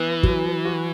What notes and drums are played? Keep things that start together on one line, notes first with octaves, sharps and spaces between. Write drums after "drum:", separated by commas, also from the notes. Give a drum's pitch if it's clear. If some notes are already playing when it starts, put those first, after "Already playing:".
Already playing: E3 B3
F#3, drum: kick
F#4